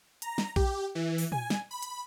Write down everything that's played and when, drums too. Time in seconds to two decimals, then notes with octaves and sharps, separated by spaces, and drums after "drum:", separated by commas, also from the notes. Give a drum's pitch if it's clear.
0.22 A#5, drum: hi-hat
0.38 drum: snare
0.56 G4, drum: kick A#1
0.95 E3
1.18 drum: open hi-hat
1.32 G#5, drum: tom A#2
1.50 drum: snare
1.71 B5
1.82 drum: hi-hat